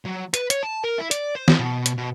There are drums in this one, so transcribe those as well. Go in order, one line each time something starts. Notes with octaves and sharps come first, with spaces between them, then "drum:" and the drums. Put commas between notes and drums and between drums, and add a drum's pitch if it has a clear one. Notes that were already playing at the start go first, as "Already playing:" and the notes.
F#3
B4, drum: hi-hat
C#5, drum: hi-hat
A5
A#4
E4
D5, drum: hi-hat
C5
drum: snare
B2
drum: hi-hat
B2